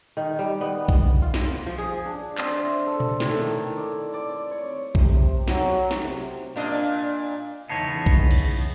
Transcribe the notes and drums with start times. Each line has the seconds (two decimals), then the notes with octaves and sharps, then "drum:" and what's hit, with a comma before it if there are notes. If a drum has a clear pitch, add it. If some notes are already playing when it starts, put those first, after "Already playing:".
0.17 D#3
0.39 G3
0.61 B3
0.89 B3, drum: kick B1
1.22 F4
1.34 drum: snare
1.66 F3
1.78 G#4
2.05 D4
2.38 C4, drum: clap
2.58 E5
2.87 A4
3.00 drum: tom A#2
3.20 A2, drum: snare
3.40 D#3
3.77 D5
4.14 D5
4.51 C#5
4.95 C3, drum: kick B1
5.48 F#3, drum: snare
5.91 drum: snare
6.02 C3
6.56 A#2 D4 D#5
7.70 E2 C#3 E3 B3 D#4 C#5 A5 C7
8.06 drum: kick B1
8.31 drum: cymbal